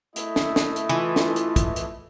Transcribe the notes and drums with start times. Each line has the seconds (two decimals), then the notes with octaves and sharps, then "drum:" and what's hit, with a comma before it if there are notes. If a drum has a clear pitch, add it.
0.16 A3 E4 D#5, drum: hi-hat
0.36 drum: snare
0.56 drum: snare
0.76 drum: hi-hat
0.89 E3 F4
1.16 drum: snare
1.36 drum: hi-hat
1.56 drum: kick, hi-hat
1.76 drum: hi-hat